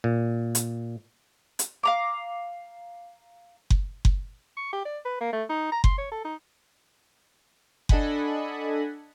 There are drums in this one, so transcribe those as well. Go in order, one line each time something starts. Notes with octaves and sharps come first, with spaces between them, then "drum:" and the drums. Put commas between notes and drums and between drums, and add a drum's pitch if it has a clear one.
A#2
drum: hi-hat
drum: hi-hat
F5 A#5 D6
drum: kick F#1
drum: kick F#1
C#6
G4
D5
B4
A#3
A3
D#4
A#5
C6, drum: kick F#1
C#5
A4
D#4
D4 A4 D#5 F#5 G#5 B5, drum: kick F#1